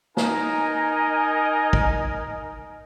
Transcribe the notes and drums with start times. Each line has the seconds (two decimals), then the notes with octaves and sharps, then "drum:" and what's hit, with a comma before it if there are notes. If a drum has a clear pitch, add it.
0.17 D#4 A#4 D#5 G#5, drum: snare
1.73 drum: kick